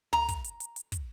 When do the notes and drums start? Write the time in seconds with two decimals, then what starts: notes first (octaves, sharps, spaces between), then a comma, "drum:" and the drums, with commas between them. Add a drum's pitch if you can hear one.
0.13 A#5, drum: tom
0.29 drum: kick, hi-hat
0.44 drum: hi-hat
0.60 drum: hi-hat
0.76 drum: hi-hat
0.92 drum: kick, hi-hat